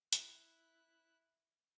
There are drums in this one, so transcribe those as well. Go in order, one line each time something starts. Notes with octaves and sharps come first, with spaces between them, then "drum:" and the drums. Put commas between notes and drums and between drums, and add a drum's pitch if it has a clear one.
E4 F#6, drum: hi-hat